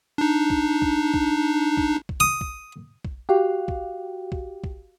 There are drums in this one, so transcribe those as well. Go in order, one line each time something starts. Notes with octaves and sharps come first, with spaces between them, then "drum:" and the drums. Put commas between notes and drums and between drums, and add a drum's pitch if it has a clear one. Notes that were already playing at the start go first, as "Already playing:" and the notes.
D4 D#4
drum: kick
drum: kick
drum: kick
drum: kick
drum: kick
D#6
drum: kick
drum: kick
F#4 G4 F5
drum: kick
drum: kick
drum: kick